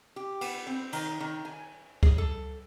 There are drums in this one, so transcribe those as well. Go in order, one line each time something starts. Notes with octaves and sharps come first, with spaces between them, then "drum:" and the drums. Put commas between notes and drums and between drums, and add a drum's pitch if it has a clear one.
G4
B3, drum: cymbal
C4
D#3, drum: cymbal
D#3
G#5
G#4, drum: kick C#2
A4